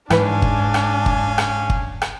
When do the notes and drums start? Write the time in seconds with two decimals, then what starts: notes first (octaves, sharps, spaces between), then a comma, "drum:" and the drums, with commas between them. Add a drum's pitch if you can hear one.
0.10 G#2 E3 C#4 D4 B4 F5 G#5, drum: rim click
0.42 drum: kick G1
0.74 drum: rim click
1.06 drum: kick G1
1.38 drum: rim click
1.70 drum: kick G1
2.02 drum: rim click